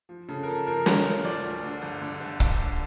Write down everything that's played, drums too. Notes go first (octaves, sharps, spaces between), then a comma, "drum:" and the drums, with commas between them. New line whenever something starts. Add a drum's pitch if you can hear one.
F3
C#3 A4
A#4
F3 A4
F3 A#4
D2 C#5, drum: snare
F3
D2 D5
D2
D3
G1
D3
G1
G1, drum: kick
D3